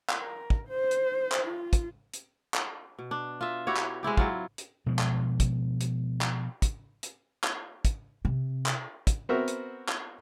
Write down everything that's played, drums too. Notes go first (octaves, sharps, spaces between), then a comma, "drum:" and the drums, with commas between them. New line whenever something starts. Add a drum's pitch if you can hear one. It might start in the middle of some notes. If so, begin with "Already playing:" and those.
drum: clap
A#4
drum: kick
C5
drum: hi-hat
drum: clap
F4
drum: kick, hi-hat
drum: hi-hat
drum: clap
B2
D4
F4 E5
E4 F#4 G4 C#5
drum: clap
G#3 C4 E4 G4
F#3 E4 F4, drum: kick
drum: hi-hat
B2 F3 G#3
drum: clap
drum: kick, hi-hat
drum: hi-hat
drum: clap
drum: kick, hi-hat
drum: hi-hat
drum: clap
drum: kick, hi-hat
C3
drum: clap
drum: kick, hi-hat
B3 C4 F#4 A#4 E5
drum: hi-hat
drum: clap